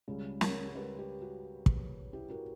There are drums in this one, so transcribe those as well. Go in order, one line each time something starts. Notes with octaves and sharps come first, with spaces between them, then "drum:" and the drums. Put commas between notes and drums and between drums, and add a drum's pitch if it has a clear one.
C#2 C#3 G3
A#4 C#5, drum: snare
A#4
G4 B4
G4 B4
F#4
drum: kick
E4 G4
F#4 A#4